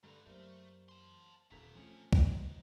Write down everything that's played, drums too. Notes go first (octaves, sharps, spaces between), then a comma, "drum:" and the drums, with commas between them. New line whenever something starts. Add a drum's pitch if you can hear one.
G2 D3 G3 A#5
F#2 G3 A3 A#3 C5
A5 C6
D#1 D#2 A#2 D3 C4 A#5 B6
D#2 F3 A3 C#4
drum: kick C#2
D1 F2 G#2 F#7